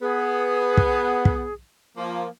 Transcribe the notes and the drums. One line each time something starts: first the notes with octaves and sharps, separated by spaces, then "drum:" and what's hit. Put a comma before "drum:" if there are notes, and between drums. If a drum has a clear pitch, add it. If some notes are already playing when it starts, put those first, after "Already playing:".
B3 G#4
drum: kick
drum: kick
F3 A#3